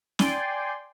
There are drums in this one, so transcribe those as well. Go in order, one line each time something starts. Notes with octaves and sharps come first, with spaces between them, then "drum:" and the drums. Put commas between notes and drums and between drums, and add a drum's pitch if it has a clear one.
D5 G5 G#5 C6, drum: snare C#4